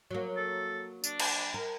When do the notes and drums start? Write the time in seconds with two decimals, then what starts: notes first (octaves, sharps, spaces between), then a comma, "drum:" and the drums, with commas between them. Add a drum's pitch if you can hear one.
0.11 F#3 A#3
0.37 A4
1.04 D4, drum: tambourine
1.20 drum: cymbal
1.54 A#4